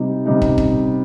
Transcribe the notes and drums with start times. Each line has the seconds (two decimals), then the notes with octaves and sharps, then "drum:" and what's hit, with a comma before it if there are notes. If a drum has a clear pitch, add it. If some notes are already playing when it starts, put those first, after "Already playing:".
Already playing: C3 G3 D#4
0.26 C3 G3 D#4
0.42 drum: kick
0.58 drum: kick